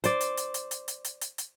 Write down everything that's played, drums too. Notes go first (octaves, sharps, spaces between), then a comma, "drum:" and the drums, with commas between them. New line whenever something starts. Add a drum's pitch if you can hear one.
C5 D5, drum: hi-hat
drum: hi-hat
drum: hi-hat
drum: hi-hat
drum: hi-hat
drum: hi-hat
drum: hi-hat
drum: hi-hat
drum: hi-hat